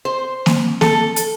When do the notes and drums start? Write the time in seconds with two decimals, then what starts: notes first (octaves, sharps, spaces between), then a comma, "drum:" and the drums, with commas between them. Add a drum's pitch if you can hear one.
0.05 C5
0.46 drum: snare A#3
0.81 A4, drum: snare A#3
1.16 drum: hi-hat